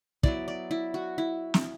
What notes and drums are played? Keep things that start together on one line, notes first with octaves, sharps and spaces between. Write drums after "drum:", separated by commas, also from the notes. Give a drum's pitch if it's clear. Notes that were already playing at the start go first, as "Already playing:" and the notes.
F#3 B3 E4 D5, drum: kick
D5
E4
F#4
E4
drum: snare